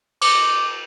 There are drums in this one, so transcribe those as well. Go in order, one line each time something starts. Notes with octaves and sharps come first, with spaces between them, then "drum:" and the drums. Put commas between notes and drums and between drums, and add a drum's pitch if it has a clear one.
D6, drum: cymbal